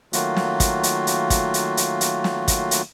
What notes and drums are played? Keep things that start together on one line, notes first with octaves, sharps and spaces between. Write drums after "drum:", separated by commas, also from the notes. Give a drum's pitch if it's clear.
D#3 F#3 A3 A#3 F4 F#4, drum: hi-hat
drum: snare
drum: kick, hi-hat
drum: hi-hat
drum: hi-hat
drum: kick, hi-hat
drum: hi-hat
drum: hi-hat
drum: hi-hat
drum: snare
drum: kick, hi-hat
drum: hi-hat